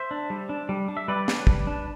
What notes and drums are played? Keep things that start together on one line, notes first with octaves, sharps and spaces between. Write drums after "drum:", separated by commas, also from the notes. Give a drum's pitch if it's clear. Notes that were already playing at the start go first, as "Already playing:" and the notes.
Already playing: C5 E5
D4
G3
D4
G3
D4
E5
G3 B4 D5
D4, drum: snare
G3, drum: kick
D4